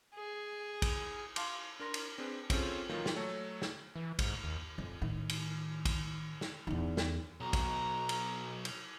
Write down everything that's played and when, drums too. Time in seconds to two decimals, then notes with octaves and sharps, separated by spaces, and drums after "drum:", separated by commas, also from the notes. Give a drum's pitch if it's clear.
0.15 G#4
0.82 drum: kick, cymbal
1.36 F5 A5 C6 D6, drum: cymbal
1.80 D4 A#4 C6 A#6
1.94 drum: cymbal
2.18 C4 D4 G#4 B4
2.50 C4 C#4 F4 G#4 A4 C5, drum: kick, cymbal
2.89 A#2 D#3 E3 F#3 A#3 F4
3.06 drum: snare
3.16 F#3 A3 A4 C#5
3.62 drum: snare
3.96 E3
4.19 G#2, drum: kick, cymbal
4.44 D#2
4.78 F2
5.02 A2 D#3
5.29 drum: cymbal
5.85 drum: kick, cymbal
6.41 drum: snare
6.67 E2 D#4
6.97 drum: snare
7.40 B1 F#4 A#5
7.53 drum: kick, cymbal
8.09 drum: cymbal
8.65 drum: cymbal